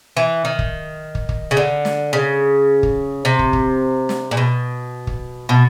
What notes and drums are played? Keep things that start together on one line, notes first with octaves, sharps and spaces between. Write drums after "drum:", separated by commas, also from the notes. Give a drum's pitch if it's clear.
E3
D#3
drum: kick
drum: kick
drum: kick
C#3
D3
drum: snare
C#3
drum: kick
C3
drum: kick
drum: kick
drum: snare
A#2
B2
drum: kick
B2